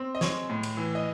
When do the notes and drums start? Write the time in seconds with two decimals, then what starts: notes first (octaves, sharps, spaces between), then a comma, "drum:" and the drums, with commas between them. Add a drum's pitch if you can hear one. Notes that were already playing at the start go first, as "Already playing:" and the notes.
Already playing: C4
0.15 D#5
0.21 G#3 C#5, drum: snare
0.50 A2
0.63 drum: cymbal
0.77 E3
0.95 D#5